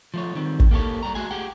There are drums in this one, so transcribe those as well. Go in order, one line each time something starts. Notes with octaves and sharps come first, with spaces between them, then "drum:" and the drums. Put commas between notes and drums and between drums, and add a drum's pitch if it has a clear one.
F3 A3 C#5
D#3 G3 C4
drum: kick
A#3 G4 A4 C#5
G3 A#5
A3 F#4 G#4 G#5
G4 G#4 F#5 G5